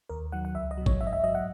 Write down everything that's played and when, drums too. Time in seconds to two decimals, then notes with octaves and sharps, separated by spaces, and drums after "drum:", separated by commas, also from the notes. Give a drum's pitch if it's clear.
0.09 D#2 A#4
0.32 D#3 F#3 F#5
0.45 F#5
0.55 C#2 E5
0.71 D#5
0.78 B2 F#3
0.86 C#5, drum: kick
1.01 G#2 E5
1.07 D#5
1.13 E5
1.24 F#3 D#5
1.35 F#5